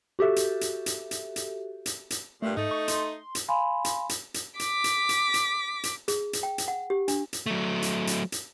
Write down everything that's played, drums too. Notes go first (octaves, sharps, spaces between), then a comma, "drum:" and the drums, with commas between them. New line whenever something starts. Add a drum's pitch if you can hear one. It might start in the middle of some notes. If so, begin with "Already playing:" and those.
F#4 G4 A4 E5
drum: hi-hat
drum: hi-hat
drum: hi-hat
drum: hi-hat
drum: hi-hat
drum: hi-hat
drum: hi-hat
G2 A#2 A3
G#2 A3 D#4
C#6
C6, drum: hi-hat
drum: hi-hat
F5 G#5 B5 C6
drum: hi-hat
drum: hi-hat
drum: hi-hat
D6 B6, drum: hi-hat
drum: hi-hat
drum: hi-hat
drum: hi-hat
drum: hi-hat
G#4, drum: hi-hat
drum: hi-hat
G5
drum: hi-hat
F#5
G4
D4, drum: hi-hat
drum: hi-hat
F#3 A3
drum: hi-hat
drum: hi-hat
drum: hi-hat